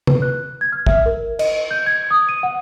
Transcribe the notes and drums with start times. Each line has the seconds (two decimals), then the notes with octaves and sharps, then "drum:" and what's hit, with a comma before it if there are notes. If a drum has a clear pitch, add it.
0.07 B4, drum: tom C3
0.22 F#6
0.61 G#6
0.72 F6
0.87 E5, drum: kick
1.06 A#4
1.39 D#5, drum: cymbal
1.71 G6
1.87 G#6
2.11 D#6
2.29 D#7
2.43 F#5